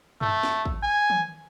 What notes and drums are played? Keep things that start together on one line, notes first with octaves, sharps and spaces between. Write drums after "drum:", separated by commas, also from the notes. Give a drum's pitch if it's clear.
A3, drum: tom
drum: snare
drum: kick
G#5
drum: tom